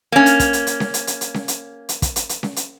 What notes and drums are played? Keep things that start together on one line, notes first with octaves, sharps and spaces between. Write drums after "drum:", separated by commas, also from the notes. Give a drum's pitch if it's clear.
A#3 C#4
drum: hi-hat
drum: kick, hi-hat
drum: hi-hat
drum: hi-hat
drum: snare C#4
drum: hi-hat
drum: hi-hat
drum: hi-hat
drum: snare C#4
drum: hi-hat
drum: hi-hat
drum: kick, hi-hat
drum: hi-hat
drum: hi-hat
drum: snare C#4
drum: hi-hat